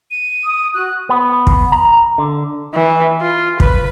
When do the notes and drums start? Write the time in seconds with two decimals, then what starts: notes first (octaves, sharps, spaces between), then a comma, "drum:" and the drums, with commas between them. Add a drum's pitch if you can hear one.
0.11 D#7
0.43 D#6
0.74 F#4 F#6
1.09 B3
1.47 drum: kick
1.72 A#5
2.18 D3
2.75 E3
3.21 F4
3.60 B4, drum: kick